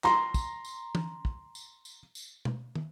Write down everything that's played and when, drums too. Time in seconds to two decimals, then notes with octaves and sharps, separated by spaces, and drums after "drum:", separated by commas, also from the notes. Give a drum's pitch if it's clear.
0.04 A#5 C6, drum: clap
0.34 drum: kick, tambourine
0.65 drum: tambourine
0.95 drum: tom E3
1.25 drum: kick
1.55 drum: tambourine
1.85 drum: tambourine
2.15 drum: tambourine
2.45 drum: tom B2
2.75 drum: tom